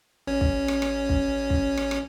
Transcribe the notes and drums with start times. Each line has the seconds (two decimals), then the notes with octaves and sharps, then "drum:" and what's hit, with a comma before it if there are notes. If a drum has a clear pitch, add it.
0.27 A1 C#4 C#5
0.41 drum: kick
0.68 drum: rim click
0.82 drum: rim click
1.09 drum: kick
1.50 drum: kick
1.77 drum: rim click
1.91 drum: rim click